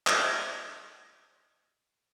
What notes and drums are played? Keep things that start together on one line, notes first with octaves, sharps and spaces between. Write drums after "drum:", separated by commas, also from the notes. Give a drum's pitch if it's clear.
C5 D5 D#5 A#5 C#6, drum: clap